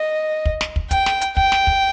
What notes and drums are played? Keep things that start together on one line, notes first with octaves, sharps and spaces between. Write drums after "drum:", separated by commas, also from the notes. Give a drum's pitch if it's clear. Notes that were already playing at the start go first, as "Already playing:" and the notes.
Already playing: D#5
drum: kick
drum: snare
drum: kick
G5, drum: kick, hi-hat
drum: snare
drum: hi-hat
G5, drum: kick
drum: snare
drum: kick